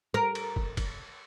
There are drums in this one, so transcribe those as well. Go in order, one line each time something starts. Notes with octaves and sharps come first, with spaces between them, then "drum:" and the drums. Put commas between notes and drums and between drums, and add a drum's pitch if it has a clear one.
A#4
drum: cymbal
drum: kick
drum: kick, cymbal